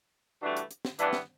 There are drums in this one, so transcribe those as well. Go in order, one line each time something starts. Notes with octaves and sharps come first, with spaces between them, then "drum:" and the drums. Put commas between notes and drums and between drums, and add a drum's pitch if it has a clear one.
G2 E3 A3 D4 F#4
drum: hi-hat
drum: hi-hat
drum: snare
G2 E3 B3 D4, drum: hi-hat
drum: snare